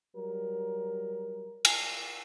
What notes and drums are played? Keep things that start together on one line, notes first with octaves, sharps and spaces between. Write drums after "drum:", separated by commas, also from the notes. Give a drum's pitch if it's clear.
F#3 G3 A#4
drum: cymbal